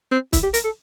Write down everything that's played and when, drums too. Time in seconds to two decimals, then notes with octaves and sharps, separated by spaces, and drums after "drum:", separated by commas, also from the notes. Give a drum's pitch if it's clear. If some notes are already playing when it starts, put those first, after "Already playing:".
0.12 C4
0.33 E4, drum: kick, hi-hat
0.43 G4
0.54 A#4, drum: hi-hat
0.64 A4